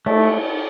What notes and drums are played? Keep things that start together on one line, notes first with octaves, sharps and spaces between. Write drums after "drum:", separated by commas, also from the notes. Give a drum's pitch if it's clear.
A3, drum: cymbal